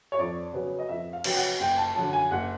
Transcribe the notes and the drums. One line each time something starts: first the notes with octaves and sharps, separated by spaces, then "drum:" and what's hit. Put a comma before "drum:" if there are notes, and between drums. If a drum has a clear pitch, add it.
C#5
F2 D5
C#3 F#3 B3
D#5
F2 E5
F5
C#3 F#3 B3 G5, drum: cymbal
F#5
F#1 G5
A5
F#2 D3 A5
G#5
F#1 F#5